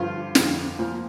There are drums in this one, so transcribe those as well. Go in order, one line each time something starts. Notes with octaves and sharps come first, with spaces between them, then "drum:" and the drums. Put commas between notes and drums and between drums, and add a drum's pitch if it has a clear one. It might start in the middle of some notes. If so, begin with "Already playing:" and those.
Already playing: G2 D3 F3 F4
F2 D3 F3, drum: snare
A#2 F3